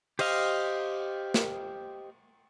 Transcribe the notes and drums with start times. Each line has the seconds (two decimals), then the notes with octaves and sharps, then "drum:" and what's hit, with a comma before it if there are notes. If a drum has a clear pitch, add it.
0.19 G4 C5 D#5 F5, drum: cymbal
1.34 drum: snare